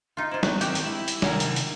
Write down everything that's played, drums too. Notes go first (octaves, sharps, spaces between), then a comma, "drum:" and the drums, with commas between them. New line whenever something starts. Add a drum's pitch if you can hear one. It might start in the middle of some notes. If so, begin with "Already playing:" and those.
D#4 F4
E4 F4 C5
F#3 B3, drum: snare
D#3 G#3 C4 D#4 G4, drum: hi-hat
drum: hi-hat
G#3 E4
drum: hi-hat
C3 D#3 G#4 A#4 F#5 A#5, drum: snare
drum: hi-hat
drum: hi-hat